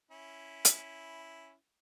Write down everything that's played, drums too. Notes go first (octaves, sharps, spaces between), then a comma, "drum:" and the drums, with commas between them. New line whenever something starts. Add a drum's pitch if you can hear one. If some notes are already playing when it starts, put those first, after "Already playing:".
C#4 E4
drum: hi-hat